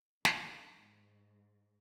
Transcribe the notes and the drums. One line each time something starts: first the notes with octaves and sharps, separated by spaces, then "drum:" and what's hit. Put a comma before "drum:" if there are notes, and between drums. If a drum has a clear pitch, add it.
D3 D#3, drum: snare
G#2